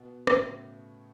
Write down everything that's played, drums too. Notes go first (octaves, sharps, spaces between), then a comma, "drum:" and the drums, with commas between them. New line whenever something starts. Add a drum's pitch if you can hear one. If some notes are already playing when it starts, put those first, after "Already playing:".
Already playing: B2
A2 C#3, drum: rim click